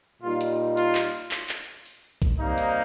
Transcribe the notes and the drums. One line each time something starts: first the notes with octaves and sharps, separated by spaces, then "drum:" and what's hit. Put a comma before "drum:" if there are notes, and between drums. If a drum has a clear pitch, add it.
A#2 G3 D#4 F4
drum: hi-hat
F4, drum: hi-hat
drum: clap
drum: open hi-hat
drum: clap
drum: clap
drum: open hi-hat
drum: kick A#1, hi-hat
C3 G3 A#3 D#4
drum: hi-hat